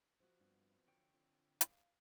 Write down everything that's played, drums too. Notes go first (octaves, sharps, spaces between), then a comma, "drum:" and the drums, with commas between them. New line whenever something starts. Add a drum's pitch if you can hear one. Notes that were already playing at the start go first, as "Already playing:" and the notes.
F3 F#4
G2 B3 C4
D3 C#5 G5
F3 C4
D#2 F5, drum: hi-hat